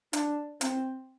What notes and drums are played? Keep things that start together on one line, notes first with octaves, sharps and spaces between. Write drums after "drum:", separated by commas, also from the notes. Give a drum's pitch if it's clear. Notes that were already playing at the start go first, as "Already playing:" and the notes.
D4, drum: hi-hat
C4, drum: hi-hat